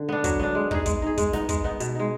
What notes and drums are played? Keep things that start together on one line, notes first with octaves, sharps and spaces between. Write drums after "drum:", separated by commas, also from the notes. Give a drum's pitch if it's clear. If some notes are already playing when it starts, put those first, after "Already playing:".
Already playing: D3
B3 D4
F#3, drum: kick, hi-hat
B3 D4
G#3
D#4 G#4, drum: kick
G#3, drum: kick, hi-hat
D#4 G#4
G#3, drum: kick, hi-hat
B3 D#4, drum: snare
G#3, drum: kick, hi-hat
B3 D#4
B2, drum: hi-hat
G#3 D#4